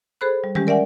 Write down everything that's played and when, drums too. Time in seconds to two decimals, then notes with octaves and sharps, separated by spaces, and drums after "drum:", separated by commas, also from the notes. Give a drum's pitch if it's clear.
0.21 G#4 A4 C5 B5 F#6
0.44 G3
0.55 E3 G3 G#3 C#4 G4, drum: tom D#3
0.67 A#4 D5 E5 F#5 G#5